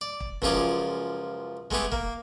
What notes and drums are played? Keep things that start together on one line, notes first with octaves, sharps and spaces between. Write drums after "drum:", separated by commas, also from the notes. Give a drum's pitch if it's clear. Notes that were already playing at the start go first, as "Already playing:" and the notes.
D5
drum: kick
C#2 F#2 F3 F4 G#4 D5, drum: kick
G#3 A3 B3 G4 G#4, drum: kick
A#3, drum: kick